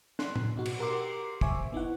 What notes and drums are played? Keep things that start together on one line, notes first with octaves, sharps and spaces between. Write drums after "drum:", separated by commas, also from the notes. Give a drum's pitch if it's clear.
C6 F#6, drum: snare
drum: tom A2
B2 D#4 F#4
drum: cymbal
G4 A#4 F#5 C6 D6 C7
C5 E5 G#5 C#6 D6, drum: kick
B3 D#4 E4 F#5